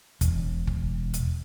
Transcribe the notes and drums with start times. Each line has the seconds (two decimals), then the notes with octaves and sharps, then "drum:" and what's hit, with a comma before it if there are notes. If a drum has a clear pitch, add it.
0.21 E1, drum: kick, hi-hat
0.67 drum: kick
1.14 drum: hi-hat